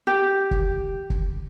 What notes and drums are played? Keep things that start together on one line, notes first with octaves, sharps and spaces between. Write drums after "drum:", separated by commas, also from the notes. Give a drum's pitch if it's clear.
G4
drum: kick
drum: kick